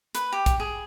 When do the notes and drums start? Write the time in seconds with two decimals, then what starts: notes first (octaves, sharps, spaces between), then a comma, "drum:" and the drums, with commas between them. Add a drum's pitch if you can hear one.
0.15 B4, drum: hi-hat
0.32 G4
0.46 drum: kick, hi-hat
0.60 G#4